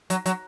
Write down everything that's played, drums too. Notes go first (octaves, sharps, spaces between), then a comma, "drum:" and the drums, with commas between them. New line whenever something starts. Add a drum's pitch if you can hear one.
F#3, drum: hi-hat
F#3, drum: hi-hat